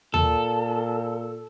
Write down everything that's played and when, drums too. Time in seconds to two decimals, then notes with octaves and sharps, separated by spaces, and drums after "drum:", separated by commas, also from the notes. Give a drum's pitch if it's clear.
0.14 A#2 A4, drum: tom D#2